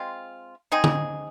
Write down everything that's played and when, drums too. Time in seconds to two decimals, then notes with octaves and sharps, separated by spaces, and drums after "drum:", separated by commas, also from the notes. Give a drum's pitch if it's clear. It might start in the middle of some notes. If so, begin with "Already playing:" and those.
Already playing: G#3 C4 F4
0.72 G#3 C4 D#4 G#4
0.84 drum: tom